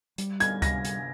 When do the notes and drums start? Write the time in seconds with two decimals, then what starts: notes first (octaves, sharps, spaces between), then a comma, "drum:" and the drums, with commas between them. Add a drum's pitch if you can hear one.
0.18 G3, drum: hi-hat
0.40 G#6, drum: hi-hat
0.62 C3 A#6, drum: kick C#2, hi-hat
0.85 drum: hi-hat